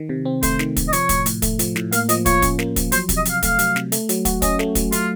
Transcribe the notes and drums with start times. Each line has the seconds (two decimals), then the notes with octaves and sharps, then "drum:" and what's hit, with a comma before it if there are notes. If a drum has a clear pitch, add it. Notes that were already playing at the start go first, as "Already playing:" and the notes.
Already playing: D#3
0.09 C3
0.25 C4
0.43 A3 C5, drum: kick, hi-hat
0.59 D#3, drum: snare
0.76 C3, drum: kick, hi-hat
0.88 D#5
0.93 F3 C#5, drum: hi-hat
1.09 A2, drum: kick, hi-hat
1.26 A2, drum: hi-hat
1.42 A3, drum: kick, hi-hat
1.59 F3, drum: hi-hat
1.76 A2, drum: snare
1.92 A#3 F5, drum: hi-hat
2.09 F3 D#5, drum: hi-hat
2.26 F4 C#5, drum: kick, hi-hat
2.42 C#4, drum: kick, hi-hat
2.59 A#3, drum: snare
2.76 F3, drum: kick, hi-hat
2.92 F#3 C5, drum: hi-hat
3.09 C3, drum: kick, hi-hat
3.17 D#5
3.25 C3 F5, drum: hi-hat
3.43 A3 F5, drum: kick, hi-hat
3.59 F#3, drum: hi-hat
3.76 C3, drum: snare
3.92 A3, drum: hi-hat
4.09 F#3, drum: hi-hat
4.25 F#4, drum: kick, hi-hat
4.42 C#4 D#5, drum: kick, hi-hat
4.59 A3, drum: snare
4.75 F#3, drum: kick, hi-hat
4.92 A3 F4, drum: hi-hat